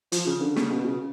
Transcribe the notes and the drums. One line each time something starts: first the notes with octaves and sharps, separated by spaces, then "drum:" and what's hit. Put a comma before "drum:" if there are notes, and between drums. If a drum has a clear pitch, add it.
F3, drum: hi-hat
C#3
D3
C#3, drum: snare
B2
C#3